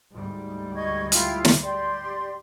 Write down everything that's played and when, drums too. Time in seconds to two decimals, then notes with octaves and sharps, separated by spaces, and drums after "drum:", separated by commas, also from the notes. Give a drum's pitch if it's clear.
0.13 D2 G#2 G3
0.75 D#5 C#6 G#6
1.12 E4 F4 G5, drum: hi-hat
1.45 drum: snare
1.63 G4 D5 C6